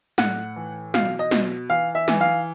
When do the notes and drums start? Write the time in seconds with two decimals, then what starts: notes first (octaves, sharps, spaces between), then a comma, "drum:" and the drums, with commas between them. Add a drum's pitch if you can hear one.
0.18 A2 F#5, drum: snare
0.56 E3
0.94 B2 F5, drum: snare
1.19 D#5
1.31 B2, drum: snare
1.69 E3 F5
1.95 E5
2.08 E3, drum: snare
2.21 F5